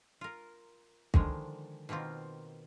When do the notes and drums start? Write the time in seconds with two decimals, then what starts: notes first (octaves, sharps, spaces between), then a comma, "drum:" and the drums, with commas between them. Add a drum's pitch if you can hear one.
0.21 F4 A#4
1.14 D3 D#3 F3 G#3, drum: kick
1.89 B2 D#3 A#3 C4 F4